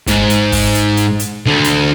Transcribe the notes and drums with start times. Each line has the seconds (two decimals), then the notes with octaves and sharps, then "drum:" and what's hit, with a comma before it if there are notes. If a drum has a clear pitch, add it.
0.07 G#2, drum: kick, hi-hat
0.30 drum: hi-hat
0.52 drum: kick, open hi-hat
0.75 drum: hi-hat
0.97 drum: hi-hat
1.19 drum: hi-hat
1.46 D2 D3
1.64 drum: hi-hat